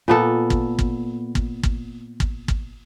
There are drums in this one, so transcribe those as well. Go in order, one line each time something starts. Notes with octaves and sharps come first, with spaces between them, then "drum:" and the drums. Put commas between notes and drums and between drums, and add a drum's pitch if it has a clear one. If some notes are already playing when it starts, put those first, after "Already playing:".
A#2 B3 A4
drum: kick
drum: kick
drum: kick
drum: kick
drum: kick
drum: kick